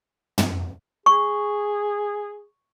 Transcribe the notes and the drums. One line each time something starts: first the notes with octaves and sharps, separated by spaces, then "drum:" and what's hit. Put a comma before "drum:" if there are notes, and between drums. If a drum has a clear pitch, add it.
drum: tom
G#4 C#6